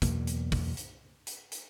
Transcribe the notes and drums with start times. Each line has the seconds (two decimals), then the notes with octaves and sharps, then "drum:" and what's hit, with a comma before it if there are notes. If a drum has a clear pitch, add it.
0.02 E2 B2 F#3 A#3, drum: kick, hi-hat
0.27 drum: hi-hat
0.52 drum: kick, open hi-hat
0.77 drum: hi-hat
1.27 drum: hi-hat
1.52 drum: hi-hat